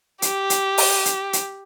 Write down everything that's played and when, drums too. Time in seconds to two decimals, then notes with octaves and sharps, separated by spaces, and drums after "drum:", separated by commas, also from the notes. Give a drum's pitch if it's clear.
0.22 G4, drum: hi-hat
0.50 drum: hi-hat
0.78 drum: open hi-hat
1.05 drum: hi-hat
1.33 drum: hi-hat